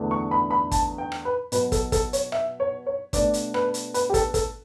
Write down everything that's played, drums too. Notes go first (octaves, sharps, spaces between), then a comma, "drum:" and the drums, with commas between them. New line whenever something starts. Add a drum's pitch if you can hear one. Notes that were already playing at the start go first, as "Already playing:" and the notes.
Already playing: E2 D3 F#3 A3 D4
C#6
B5
B5
A5, drum: kick, hi-hat
G5
drum: rim click
B4
B2 F#3 B3 B4, drum: hi-hat
A4, drum: kick, hi-hat
A4, drum: kick, hi-hat
C#5, drum: hi-hat
E5, drum: rim click
C#5
C#5
B2 A3 D4 D5, drum: kick, hi-hat
drum: hi-hat
B4, drum: rim click
drum: hi-hat
B4, drum: hi-hat
G4
A4, drum: kick, hi-hat
A4, drum: kick, hi-hat